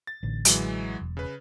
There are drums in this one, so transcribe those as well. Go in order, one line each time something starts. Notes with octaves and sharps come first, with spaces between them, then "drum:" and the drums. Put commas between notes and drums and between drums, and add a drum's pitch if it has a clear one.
A6
A1 D3
E3 F#3 G#3, drum: hi-hat
E1
C#3 B4